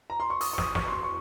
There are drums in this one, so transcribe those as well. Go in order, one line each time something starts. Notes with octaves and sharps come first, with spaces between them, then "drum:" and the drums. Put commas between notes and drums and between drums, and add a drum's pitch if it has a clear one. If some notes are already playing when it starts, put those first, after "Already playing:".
A#5
C6
C#6
D#6, drum: open hi-hat
C#6
D#6, drum: snare
C#6, drum: snare
C6
C#6
C#6